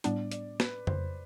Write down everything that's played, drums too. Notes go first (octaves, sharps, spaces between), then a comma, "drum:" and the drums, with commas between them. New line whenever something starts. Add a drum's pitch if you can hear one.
A2 G3 B3 D4 D5, drum: hi-hat
D5, drum: hi-hat
B4, drum: snare
C5, drum: tom F2